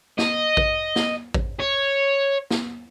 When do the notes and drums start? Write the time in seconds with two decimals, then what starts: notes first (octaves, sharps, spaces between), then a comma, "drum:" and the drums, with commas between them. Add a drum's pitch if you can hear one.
0.18 D#5, drum: snare
0.57 drum: kick A1
0.96 drum: snare
1.34 drum: kick A1
1.60 C#5
2.51 drum: snare